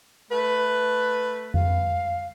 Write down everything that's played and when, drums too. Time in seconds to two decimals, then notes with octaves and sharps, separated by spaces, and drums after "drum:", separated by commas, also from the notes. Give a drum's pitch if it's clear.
0.30 A3 B4
1.54 F5, drum: tom F2